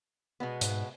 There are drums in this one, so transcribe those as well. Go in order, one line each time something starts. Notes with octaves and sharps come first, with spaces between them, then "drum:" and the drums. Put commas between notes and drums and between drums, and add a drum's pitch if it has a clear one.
B2 G#3 B3
G#2, drum: hi-hat